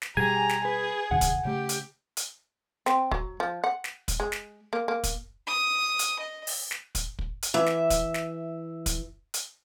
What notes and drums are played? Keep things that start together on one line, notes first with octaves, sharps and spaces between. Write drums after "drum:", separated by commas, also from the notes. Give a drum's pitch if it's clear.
drum: snare
B2 G3 G4 G#4 G#5 A#5
drum: snare
G#4 B4
D2 C3 D#3 F#5
drum: kick, hi-hat
C#3 A3 G4
drum: hi-hat
drum: hi-hat
C4, drum: snare
F#3, drum: kick
F3
F#5
drum: snare
drum: kick, hi-hat
G#3
drum: snare
A#3
A#3
drum: kick, hi-hat
D#6
drum: hi-hat
D#5
drum: open hi-hat
drum: snare
drum: kick, hi-hat
drum: kick
drum: hi-hat
E3 E5
drum: snare
drum: kick, hi-hat
drum: snare
drum: kick, hi-hat
drum: hi-hat